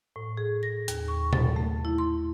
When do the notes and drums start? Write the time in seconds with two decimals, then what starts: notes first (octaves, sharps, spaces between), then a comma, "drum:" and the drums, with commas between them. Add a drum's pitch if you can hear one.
0.16 A2
0.37 G#4
0.63 A#6
0.88 D#2, drum: hi-hat
1.08 C#6
1.33 A6, drum: tom A#2
1.56 A3
1.85 E4
1.98 C6